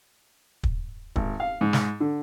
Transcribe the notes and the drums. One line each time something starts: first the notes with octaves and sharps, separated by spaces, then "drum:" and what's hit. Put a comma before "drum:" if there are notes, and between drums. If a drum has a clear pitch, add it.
drum: kick
G#1, drum: kick
F5
G#2
drum: snare
D3